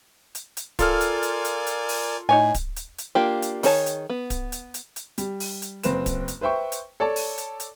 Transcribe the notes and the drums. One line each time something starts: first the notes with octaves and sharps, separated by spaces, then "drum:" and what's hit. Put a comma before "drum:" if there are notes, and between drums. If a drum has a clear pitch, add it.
drum: hi-hat
drum: hi-hat
F4 A4 A#4 D5 G#5 F6, drum: kick D1, hi-hat
drum: hi-hat
drum: hi-hat
drum: hi-hat
drum: hi-hat
drum: open hi-hat
A2 D#4 C#5 G#5
drum: kick D1, hi-hat
drum: hi-hat
drum: hi-hat
A#3 D4 F4 G4
drum: hi-hat
D#3 D#4 G#4 C#5 A5, drum: open hi-hat
drum: hi-hat
B3
drum: kick D1, hi-hat
drum: hi-hat
drum: hi-hat
drum: hi-hat
G3, drum: hi-hat
drum: open hi-hat
drum: hi-hat
F#1 C4 B4 E7, drum: hi-hat
drum: kick D1, hi-hat
drum: hi-hat
B4 C5 E5 G5 C#6
drum: hi-hat
A4 C#5 D5 A5
drum: open hi-hat
drum: hi-hat
drum: hi-hat